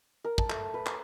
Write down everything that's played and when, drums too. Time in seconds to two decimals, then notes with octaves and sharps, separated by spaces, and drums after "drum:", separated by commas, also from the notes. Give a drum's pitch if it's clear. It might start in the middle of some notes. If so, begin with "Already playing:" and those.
0.24 A#4
0.38 A5, drum: kick
0.50 A3, drum: clap
0.74 B4
0.86 A#5, drum: clap